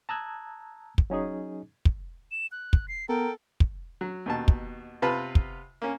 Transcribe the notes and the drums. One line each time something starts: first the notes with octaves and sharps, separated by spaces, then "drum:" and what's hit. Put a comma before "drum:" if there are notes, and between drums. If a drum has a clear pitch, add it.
A5 A#5 D#6 E6 F#6 G#6
drum: kick
F#3 C#4 D#4 G#4
drum: kick
E7
F#6
drum: kick
C7
B3 A4 A#4 G5
drum: kick
F#3
D#2 B2 A5
drum: kick
C3 B3 F4 B4 A5 B5
drum: kick
A#3 C#4